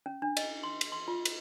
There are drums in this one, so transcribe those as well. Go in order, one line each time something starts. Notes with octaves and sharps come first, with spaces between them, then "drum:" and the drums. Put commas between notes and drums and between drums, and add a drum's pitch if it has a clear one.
C#4
D4
D#5, drum: cymbal
C6
drum: cymbal
C6
F4
drum: cymbal